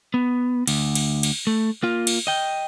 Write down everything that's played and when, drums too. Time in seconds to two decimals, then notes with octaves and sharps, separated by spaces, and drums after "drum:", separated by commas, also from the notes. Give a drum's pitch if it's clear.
0.14 B3
0.68 D2, drum: cymbal
0.95 drum: cymbal
1.23 drum: cymbal
1.47 A3
1.83 A#3 F4
2.07 drum: cymbal
2.27 D#5 G5